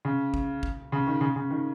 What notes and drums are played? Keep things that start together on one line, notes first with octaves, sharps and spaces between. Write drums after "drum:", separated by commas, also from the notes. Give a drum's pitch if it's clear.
C#3
drum: kick
drum: kick
C#3
D#3
C#3
C#3
D#3